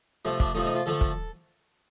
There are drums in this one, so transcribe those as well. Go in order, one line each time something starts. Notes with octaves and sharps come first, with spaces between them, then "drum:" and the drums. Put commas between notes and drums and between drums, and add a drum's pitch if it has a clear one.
C3 F3 A3
D4, drum: kick
C3 F3 A3 D#4
D#4
F4
D3 F3 A3 A4
drum: kick